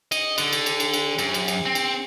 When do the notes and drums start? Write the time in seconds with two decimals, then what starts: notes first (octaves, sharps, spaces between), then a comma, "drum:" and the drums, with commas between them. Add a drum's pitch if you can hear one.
0.12 D#5, drum: cymbal
0.38 D3, drum: cymbal
0.53 drum: cymbal
0.66 drum: cymbal
0.80 drum: cymbal
0.94 drum: cymbal
1.19 F#2, drum: cymbal
1.34 drum: cymbal
1.48 drum: cymbal
1.66 C4
1.75 drum: cymbal